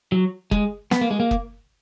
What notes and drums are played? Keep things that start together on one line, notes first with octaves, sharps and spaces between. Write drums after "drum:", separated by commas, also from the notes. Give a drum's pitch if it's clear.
F#3
G#3, drum: kick
B3, drum: snare
A#3
G#3
A#3
drum: kick